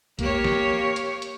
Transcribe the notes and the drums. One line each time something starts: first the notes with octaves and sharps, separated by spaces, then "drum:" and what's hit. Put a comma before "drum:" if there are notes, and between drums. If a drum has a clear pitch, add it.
A#3 G4 C#5, drum: kick A#1, hi-hat
drum: snare
drum: hi-hat
drum: hi-hat